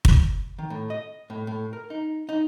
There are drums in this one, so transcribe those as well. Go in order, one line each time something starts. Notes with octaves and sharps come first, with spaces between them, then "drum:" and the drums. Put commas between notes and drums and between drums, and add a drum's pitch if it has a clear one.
drum: kick
D#3
A2
D#5
A2
A2
A#4
D#4
D#4